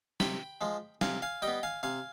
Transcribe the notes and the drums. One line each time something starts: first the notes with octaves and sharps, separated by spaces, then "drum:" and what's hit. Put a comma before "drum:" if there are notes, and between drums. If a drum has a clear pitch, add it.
C3 G5 B5, drum: snare
F3 G#3
C3 F5 G#5, drum: snare
F5 G#5
G3 D#5 G5
B3
F5 G#5
C3 F5 G#5